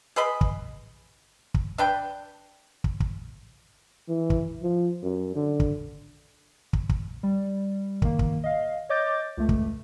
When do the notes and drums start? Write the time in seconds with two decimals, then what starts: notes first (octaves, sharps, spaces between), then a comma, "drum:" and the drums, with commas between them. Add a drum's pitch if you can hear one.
0.16 G#4 B4 D#5 B5
0.41 drum: kick
1.54 drum: kick
1.78 D4 B4 G5
2.84 drum: kick
3.00 drum: kick
4.08 E3
4.30 drum: kick
4.62 F3
5.03 F#2
5.35 D3
5.60 drum: kick
6.73 drum: kick
6.89 drum: kick
7.23 G3
8.02 D#3 A#3, drum: kick
8.19 drum: kick
8.44 D#5 F5
8.89 C#5 D#5 D6 G6 A6
9.37 C#2 A3
9.49 drum: kick